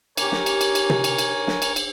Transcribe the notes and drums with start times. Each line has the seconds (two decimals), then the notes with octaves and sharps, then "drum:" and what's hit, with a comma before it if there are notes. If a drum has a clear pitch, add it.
0.17 A#3 G4 A#4 C#5 G#5, drum: cymbal
0.32 drum: snare
0.46 drum: cymbal
0.61 drum: cymbal
0.75 drum: cymbal
0.90 drum: tom
1.04 drum: cymbal
1.18 drum: cymbal
1.47 drum: snare
1.62 drum: cymbal
1.76 drum: cymbal